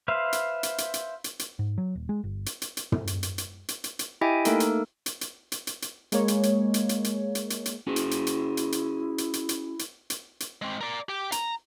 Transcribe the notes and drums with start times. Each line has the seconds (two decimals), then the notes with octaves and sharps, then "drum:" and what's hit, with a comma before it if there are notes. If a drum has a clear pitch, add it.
0.08 B4 C5 E5 F5
0.33 drum: hi-hat
0.63 drum: hi-hat
0.78 drum: hi-hat
0.94 drum: hi-hat
1.24 drum: hi-hat
1.39 drum: hi-hat
1.59 G#2
1.78 F#3
1.95 D#1
2.09 G#3
2.24 G1
2.46 drum: hi-hat
2.62 drum: hi-hat
2.77 drum: hi-hat
2.92 drum: tom
3.07 drum: hi-hat
3.23 drum: hi-hat
3.38 drum: hi-hat
3.68 drum: hi-hat
3.84 drum: hi-hat
3.99 drum: hi-hat
4.21 E4 G4 D#5 E5 G5 G#5
4.45 A3 A#3 D#4 A4 A#4, drum: hi-hat
4.60 drum: hi-hat
5.06 drum: hi-hat
5.21 drum: hi-hat
5.52 drum: hi-hat
5.67 drum: hi-hat
5.82 drum: hi-hat
6.12 G#3 A#3 C#5, drum: hi-hat
6.28 drum: hi-hat
6.43 drum: hi-hat
6.74 drum: hi-hat
6.89 drum: hi-hat
7.04 drum: hi-hat
7.35 drum: hi-hat
7.50 drum: hi-hat
7.65 drum: hi-hat
7.87 C#4 E4 F#4 G#4
7.96 drum: hi-hat
8.11 drum: hi-hat
8.27 drum: hi-hat
8.57 drum: hi-hat
8.72 drum: hi-hat
9.18 drum: hi-hat
9.33 drum: hi-hat
9.49 drum: hi-hat
9.79 drum: hi-hat
10.10 drum: hi-hat
10.40 drum: hi-hat
10.62 G#3 C4
10.81 A#4 D5
11.09 G4 G5
11.32 A#5, drum: hi-hat